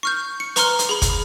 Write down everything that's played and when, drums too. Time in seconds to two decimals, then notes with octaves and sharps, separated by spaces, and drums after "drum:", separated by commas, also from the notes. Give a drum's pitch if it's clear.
0.03 C#6 F6 G6
0.40 C#7
0.56 B4 A#5 C6 F6, drum: hi-hat
0.79 drum: hi-hat
0.89 G#4 B5
1.02 drum: kick, hi-hat